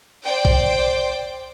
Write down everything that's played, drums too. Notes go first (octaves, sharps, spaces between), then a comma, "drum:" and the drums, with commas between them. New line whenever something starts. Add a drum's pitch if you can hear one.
C5 D5 G5
drum: kick